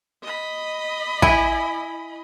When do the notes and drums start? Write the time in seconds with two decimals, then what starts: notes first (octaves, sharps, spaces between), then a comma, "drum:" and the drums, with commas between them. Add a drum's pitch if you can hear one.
0.23 D#5 B5
1.22 E4 G#5, drum: kick